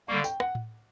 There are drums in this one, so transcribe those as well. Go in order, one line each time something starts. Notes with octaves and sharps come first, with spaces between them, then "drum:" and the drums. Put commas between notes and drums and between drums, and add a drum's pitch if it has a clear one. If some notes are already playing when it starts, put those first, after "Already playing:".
D3 G3 A#3 C#6
G5, drum: tambourine
F#5, drum: rim click
drum: tom A2